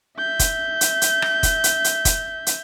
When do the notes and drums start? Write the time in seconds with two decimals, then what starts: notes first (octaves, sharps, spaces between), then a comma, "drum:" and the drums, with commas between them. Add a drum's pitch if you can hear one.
0.19 E5 G6
0.39 drum: kick F1, hi-hat
0.81 drum: hi-hat
1.02 drum: hi-hat
1.22 drum: rim click
1.43 drum: kick F1, hi-hat
1.64 drum: hi-hat
1.84 drum: hi-hat
2.05 drum: kick F1, hi-hat
2.47 drum: hi-hat